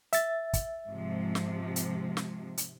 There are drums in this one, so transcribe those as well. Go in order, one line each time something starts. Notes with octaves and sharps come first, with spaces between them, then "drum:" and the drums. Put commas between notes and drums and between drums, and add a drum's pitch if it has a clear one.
E5 A6, drum: hi-hat
drum: kick, hi-hat
G#2 C3 F3
drum: snare
drum: hi-hat
drum: snare
drum: hi-hat